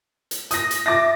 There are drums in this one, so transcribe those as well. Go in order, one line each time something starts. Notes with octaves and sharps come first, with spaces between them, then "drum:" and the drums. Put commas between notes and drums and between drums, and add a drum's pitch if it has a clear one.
drum: hi-hat
D#6 A#6, drum: hi-hat
drum: hi-hat
E5 D6 A6 A#6